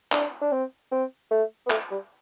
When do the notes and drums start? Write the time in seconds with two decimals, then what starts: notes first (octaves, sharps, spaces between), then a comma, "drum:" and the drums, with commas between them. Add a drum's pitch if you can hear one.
0.12 D4, drum: clap
0.41 D4
0.52 C4
0.92 C4
1.31 A3
1.66 B3
1.70 A3, drum: clap
1.91 G3